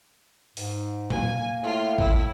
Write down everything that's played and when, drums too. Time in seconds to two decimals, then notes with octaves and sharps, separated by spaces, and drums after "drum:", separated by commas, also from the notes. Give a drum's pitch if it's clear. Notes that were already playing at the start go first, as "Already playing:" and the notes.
0.57 G#2, drum: open hi-hat
1.10 A#3 G#5, drum: tom A#2
1.63 A2 F4
1.98 E4, drum: kick G#1